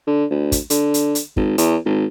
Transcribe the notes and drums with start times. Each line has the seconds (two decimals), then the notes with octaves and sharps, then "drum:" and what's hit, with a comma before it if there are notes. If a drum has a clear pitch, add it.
0.07 D3
0.31 D2
0.52 drum: kick, hi-hat
0.70 D3, drum: hi-hat
0.94 drum: hi-hat
1.15 drum: hi-hat
1.37 G#1, drum: kick
1.58 E2, drum: hi-hat
1.86 G#1